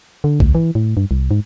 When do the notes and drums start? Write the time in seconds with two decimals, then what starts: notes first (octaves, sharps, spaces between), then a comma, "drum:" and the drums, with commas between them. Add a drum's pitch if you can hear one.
0.24 D3
0.40 D2, drum: kick
0.55 E3
0.75 A2
0.97 G2
1.11 C2
1.31 G#2